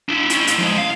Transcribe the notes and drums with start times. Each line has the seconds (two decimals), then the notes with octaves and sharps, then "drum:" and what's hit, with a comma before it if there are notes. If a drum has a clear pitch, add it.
0.09 D4 E4
0.30 C#4 E4, drum: hi-hat
0.47 drum: hi-hat
0.58 F3 G#3
0.78 F5